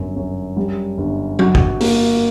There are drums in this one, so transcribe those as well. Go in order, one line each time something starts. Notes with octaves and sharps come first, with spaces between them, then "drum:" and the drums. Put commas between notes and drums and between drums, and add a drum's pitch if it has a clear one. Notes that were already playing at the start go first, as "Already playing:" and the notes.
Already playing: G1 F#2
F#2
G3
G1
F#4, drum: tom F#3
drum: kick
A#3, drum: open hi-hat